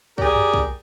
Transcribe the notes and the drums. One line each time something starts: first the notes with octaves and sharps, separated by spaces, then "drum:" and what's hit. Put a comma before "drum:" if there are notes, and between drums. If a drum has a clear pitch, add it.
G4 G#4 A#4 D5, drum: kick
drum: tom F2
drum: kick